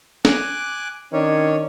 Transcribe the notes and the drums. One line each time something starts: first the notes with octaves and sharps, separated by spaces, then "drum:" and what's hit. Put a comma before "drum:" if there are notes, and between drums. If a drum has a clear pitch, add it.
G#5 D6 F#6, drum: snare
D#3 C#4 D4 C#5